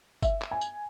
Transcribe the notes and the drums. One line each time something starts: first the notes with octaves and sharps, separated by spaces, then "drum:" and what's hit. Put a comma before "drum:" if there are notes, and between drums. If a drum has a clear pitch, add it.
E5, drum: kick G1, tambourine
drum: clap
G#5
drum: tambourine